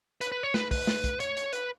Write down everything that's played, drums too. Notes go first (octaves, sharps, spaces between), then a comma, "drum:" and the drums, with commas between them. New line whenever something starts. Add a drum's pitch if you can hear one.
B4, drum: hi-hat
B4
C#5
B4, drum: snare
B4, drum: kick, open hi-hat
drum: snare
drum: kick, hi-hat
C#5, drum: hi-hat
drum: hi-hat
B4, drum: hi-hat